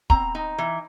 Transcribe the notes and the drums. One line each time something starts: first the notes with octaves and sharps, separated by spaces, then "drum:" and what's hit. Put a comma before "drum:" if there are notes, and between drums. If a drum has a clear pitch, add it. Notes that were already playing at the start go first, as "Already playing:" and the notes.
C4 A#5, drum: kick
D#4
E3